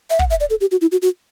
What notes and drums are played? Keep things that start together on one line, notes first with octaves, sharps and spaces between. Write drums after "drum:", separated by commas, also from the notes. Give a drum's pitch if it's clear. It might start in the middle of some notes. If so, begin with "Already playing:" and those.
E5
F#5, drum: kick
E5
D5
A4
G4
F#4
E4
F#4
F#4